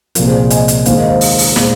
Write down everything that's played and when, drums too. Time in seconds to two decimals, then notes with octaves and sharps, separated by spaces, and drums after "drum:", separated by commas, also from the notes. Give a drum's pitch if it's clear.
0.15 C2 A#2 F3 F4 A#4, drum: hi-hat
0.27 G#4 C5
0.50 D#5 G#5, drum: hi-hat
0.68 drum: hi-hat
0.86 D#2 D#3 G#3 C5 F5, drum: hi-hat
0.97 A#4 D#5
1.09 C5 F5
1.21 drum: open hi-hat
1.38 drum: open hi-hat
1.56 A#2 G#3 C5 F5, drum: snare